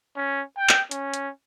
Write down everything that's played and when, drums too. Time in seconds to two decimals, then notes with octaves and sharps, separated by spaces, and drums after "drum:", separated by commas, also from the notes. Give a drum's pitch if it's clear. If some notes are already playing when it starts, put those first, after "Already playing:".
0.17 C#4
0.57 G5
0.69 drum: clap
0.91 C#4, drum: hi-hat
1.14 drum: hi-hat